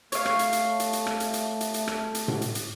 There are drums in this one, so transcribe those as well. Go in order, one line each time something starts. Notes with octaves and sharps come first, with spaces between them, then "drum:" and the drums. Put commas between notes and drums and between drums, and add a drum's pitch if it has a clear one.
A3 C#5 F5, drum: hi-hat
drum: rim click
drum: hi-hat
drum: hi-hat
drum: hi-hat
drum: hi-hat
drum: rim click
drum: hi-hat
drum: hi-hat
drum: hi-hat
drum: hi-hat
drum: rim click
drum: hi-hat
drum: tom A2
drum: hi-hat
drum: hi-hat